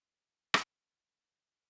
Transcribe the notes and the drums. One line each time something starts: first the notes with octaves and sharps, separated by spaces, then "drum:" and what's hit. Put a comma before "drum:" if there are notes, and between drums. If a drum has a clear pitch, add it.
E3 A3 C#4 E4 E5
drum: rim click
A2 F#3 A#3